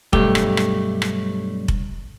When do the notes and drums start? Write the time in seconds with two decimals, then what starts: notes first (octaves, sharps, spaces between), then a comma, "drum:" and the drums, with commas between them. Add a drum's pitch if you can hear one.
0.13 B1 G2 A3 G4, drum: kick F1
0.35 drum: rim click
0.57 drum: rim click
1.02 drum: rim click
1.68 drum: kick F1